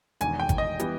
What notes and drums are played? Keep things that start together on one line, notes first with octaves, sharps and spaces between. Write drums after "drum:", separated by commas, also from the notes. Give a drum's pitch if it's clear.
E1 E2 D#3 G#5, drum: hi-hat
G5
drum: kick, hi-hat
D#5
E3 G3 B3, drum: hi-hat